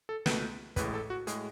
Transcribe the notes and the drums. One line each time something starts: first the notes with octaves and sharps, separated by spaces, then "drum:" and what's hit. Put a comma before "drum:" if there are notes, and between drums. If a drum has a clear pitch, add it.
A4
C#2 B2 A3 B4, drum: snare
A1 A2 G#3 B4, drum: kick, hi-hat
A4
F#4
A2 G#3 G#4, drum: hi-hat